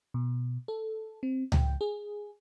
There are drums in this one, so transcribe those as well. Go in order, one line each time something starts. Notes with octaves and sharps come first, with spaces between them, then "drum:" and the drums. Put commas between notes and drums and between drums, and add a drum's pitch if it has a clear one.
B2
A4
C4
G5, drum: tom C#2
G#4